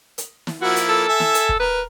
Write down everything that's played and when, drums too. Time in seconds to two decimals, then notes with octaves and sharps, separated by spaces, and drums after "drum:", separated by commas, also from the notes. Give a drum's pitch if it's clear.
0.18 drum: hi-hat
0.47 drum: snare
0.62 F3 A#3 E4 F#4
0.76 drum: hi-hat
0.89 A4
1.08 E5 G#5
1.20 drum: snare
1.34 drum: hi-hat
1.49 drum: kick
1.60 A#4 B4